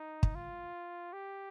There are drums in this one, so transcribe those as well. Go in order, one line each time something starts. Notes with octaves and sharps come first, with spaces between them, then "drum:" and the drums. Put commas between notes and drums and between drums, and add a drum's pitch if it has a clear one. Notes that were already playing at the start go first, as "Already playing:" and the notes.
Already playing: D#4
drum: kick
F4
G4